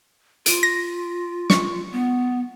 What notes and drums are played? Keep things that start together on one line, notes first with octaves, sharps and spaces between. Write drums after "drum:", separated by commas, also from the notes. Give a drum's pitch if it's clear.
F4 D7 D#7, drum: hi-hat
A#6
C#6, drum: snare
B3